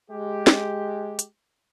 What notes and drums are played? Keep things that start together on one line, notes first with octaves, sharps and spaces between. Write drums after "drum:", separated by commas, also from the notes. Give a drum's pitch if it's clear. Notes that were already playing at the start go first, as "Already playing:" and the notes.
G#3 G4
drum: snare
drum: hi-hat